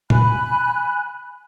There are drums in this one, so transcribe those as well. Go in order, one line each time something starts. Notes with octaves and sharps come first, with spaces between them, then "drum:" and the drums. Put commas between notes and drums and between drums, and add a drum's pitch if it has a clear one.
G#5 B5 F#6, drum: tom